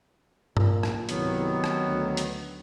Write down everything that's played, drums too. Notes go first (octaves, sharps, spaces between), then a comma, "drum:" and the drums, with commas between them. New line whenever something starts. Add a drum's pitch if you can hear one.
A#2, drum: tom G2
drum: rim click
C2 D#3 F#3 B3, drum: hi-hat
drum: rim click
D2
drum: hi-hat